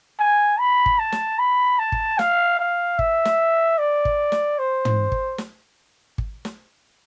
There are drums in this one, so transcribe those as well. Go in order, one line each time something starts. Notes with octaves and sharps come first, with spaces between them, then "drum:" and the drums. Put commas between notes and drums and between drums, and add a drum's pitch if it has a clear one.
G#5
B5
drum: kick
A5
drum: snare
B5
A5
drum: kick
F5, drum: snare
F5
E5, drum: kick
drum: snare
D5
drum: kick
drum: snare
C5
drum: tom
drum: kick
drum: snare
drum: kick
drum: snare